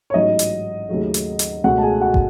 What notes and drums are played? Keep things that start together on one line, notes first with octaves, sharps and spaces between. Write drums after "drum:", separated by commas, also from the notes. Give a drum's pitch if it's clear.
C#5
A1 G#2 F#3 D#4 D#5
drum: hi-hat
D#2 C#3 F#3 A3
drum: hi-hat
drum: hi-hat
C#2 B2 A3 C#4 F#4 F#5
A5
G#4 G#5
F#4 F#5
drum: kick